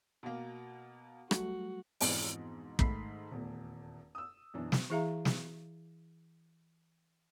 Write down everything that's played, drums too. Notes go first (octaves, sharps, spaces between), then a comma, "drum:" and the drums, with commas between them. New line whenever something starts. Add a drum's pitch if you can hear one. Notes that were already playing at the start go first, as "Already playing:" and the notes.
B2 A#3
F#3 G3 A3 F#4, drum: rim click
F2 G#2 B2 E3, drum: open hi-hat
G#2 D#3 A3 B5 B6 C7, drum: kick
D#1 E2 A3
D#6 E6
F#2 B2 E3 D4
drum: snare
E3 E4 G#4 E5 F5 A#5
drum: snare